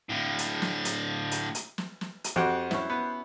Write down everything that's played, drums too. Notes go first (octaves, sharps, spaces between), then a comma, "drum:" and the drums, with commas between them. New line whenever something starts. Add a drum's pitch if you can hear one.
A2 D3
drum: hi-hat
drum: snare
drum: hi-hat
drum: hi-hat
drum: hi-hat
drum: snare
drum: snare
drum: hi-hat
F2 F#4 G4 C5 F#5 G5
C#4 E4, drum: snare
B3